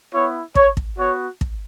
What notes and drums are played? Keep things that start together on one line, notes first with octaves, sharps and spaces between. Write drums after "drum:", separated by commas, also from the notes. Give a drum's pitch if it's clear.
B3 E4 C#5
C#5, drum: kick
drum: kick
B3 F#4 C#5
drum: kick